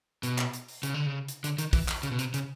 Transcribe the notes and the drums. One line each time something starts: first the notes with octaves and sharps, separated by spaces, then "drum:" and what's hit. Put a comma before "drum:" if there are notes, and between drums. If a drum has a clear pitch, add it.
B2, drum: hi-hat
drum: clap
drum: hi-hat
drum: open hi-hat
C#3, drum: hi-hat
D3
C#3
drum: hi-hat
D3, drum: hi-hat
D#3, drum: hi-hat
E3, drum: kick, open hi-hat
drum: clap
C#3, drum: hi-hat
B2
C3, drum: hi-hat
C#3, drum: hi-hat